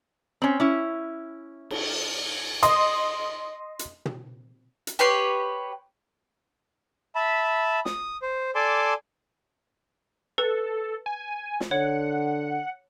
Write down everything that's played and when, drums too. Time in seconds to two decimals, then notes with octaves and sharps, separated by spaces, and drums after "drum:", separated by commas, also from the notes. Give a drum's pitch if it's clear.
0.42 C4 C#4
0.60 C#4 E4
1.70 drum: cymbal
2.63 D#5 C6 D#6, drum: hi-hat
3.79 drum: hi-hat
4.05 drum: tom
4.87 drum: hi-hat
4.99 G4 B4 C#5 C6
7.15 E5 A5 B5
7.85 D#6, drum: snare
8.22 C5
8.55 A4 D5 G#5 A5 C6 D6
10.38 A4 B4
11.06 G#5
11.60 drum: snare
11.71 D3 C#5 F#5